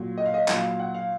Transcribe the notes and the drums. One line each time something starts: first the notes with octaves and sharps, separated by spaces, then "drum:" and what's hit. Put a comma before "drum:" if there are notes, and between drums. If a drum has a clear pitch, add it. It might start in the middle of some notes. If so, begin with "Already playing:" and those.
Already playing: A#2 F#3
D#5
F5
D#5
A#2 F#3 F5, drum: clap
F5
F#5
F5